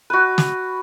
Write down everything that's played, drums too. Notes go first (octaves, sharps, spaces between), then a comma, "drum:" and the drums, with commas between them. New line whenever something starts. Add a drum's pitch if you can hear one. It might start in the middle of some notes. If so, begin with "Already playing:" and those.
F#4 B4
drum: snare